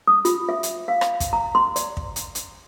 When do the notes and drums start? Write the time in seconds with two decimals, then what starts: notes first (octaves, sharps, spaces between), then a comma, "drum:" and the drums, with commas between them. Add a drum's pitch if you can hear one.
0.07 D#6
0.25 F4, drum: hi-hat
0.49 E5
0.63 drum: hi-hat
0.88 F5
1.01 drum: rim click
1.20 drum: kick, hi-hat
1.33 A#5
1.55 C6
1.76 D5, drum: hi-hat
1.97 drum: kick
2.16 drum: hi-hat
2.35 drum: hi-hat